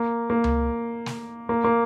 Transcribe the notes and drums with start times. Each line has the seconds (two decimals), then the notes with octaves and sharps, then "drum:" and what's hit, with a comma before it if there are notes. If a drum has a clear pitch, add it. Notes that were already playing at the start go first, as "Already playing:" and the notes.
Already playing: A#3
0.30 A#3
0.44 drum: tom C#2
1.06 drum: snare
1.49 A#3
1.64 A#3